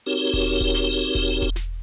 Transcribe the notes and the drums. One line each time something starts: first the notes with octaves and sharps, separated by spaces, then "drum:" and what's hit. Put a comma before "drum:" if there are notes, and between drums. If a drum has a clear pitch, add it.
C4 D#4 F#4 G4 A#4 C#5, drum: hi-hat
drum: hi-hat
drum: kick E1
drum: hi-hat
drum: kick E1, hi-hat
drum: snare
drum: hi-hat
drum: hi-hat
drum: kick E1, hi-hat
drum: hi-hat
drum: kick E1, hi-hat
drum: snare